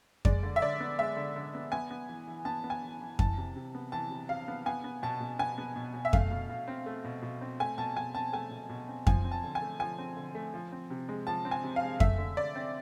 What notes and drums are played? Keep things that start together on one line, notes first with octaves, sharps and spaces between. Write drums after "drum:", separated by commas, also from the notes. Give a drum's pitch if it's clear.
G#3 D5, drum: kick F2
D3
E5
D3 D5
B3
G#3 E5
D3
D3
B3
B3 G#5
B3
E3
E3
B3 A5
B3
G#5
E3
E3
E3 A5, drum: kick F2
C3
C3
B3
E3 A5
C3
C3 F5
B3
B3 G#5
B3
B2 A5
B2
B3 G#5
B3
B2
B2
E5
A3 F5, drum: kick F2
B2
B2
C4
A3
B2
B2
C4
A3 G#5
B2 A5
B2 G#5
C4 A5
A3 G#5
B2
B2
C4
F3 G#5, drum: kick F2
C4
A5
D3
G#5
A3
F3 G#5
C4
D3
A3
F3
C4
C3
G#3
F3 A5
C4
G#5
C3
F5
G#3
A3 E5, drum: kick F2
D3
D3 D5
C4